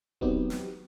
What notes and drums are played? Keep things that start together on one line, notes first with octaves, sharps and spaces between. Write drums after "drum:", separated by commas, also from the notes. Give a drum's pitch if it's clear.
F#3 B3 C4 D#4 G4, drum: kick D#1
drum: snare